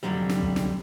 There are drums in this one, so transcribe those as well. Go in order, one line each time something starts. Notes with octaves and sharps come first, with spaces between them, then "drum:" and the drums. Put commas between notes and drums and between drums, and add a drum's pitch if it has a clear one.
C2 F2 A#2 D3 F#3 G3
drum: snare
drum: kick
drum: snare